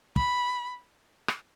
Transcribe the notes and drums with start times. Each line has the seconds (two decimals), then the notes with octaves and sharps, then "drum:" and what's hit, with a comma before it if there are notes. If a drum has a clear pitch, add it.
0.16 B5, drum: kick
1.28 drum: rim click